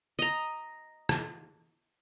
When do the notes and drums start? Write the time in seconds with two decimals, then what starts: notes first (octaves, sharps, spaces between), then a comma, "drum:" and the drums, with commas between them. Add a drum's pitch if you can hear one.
0.19 D#5 A#5
1.09 drum: rim click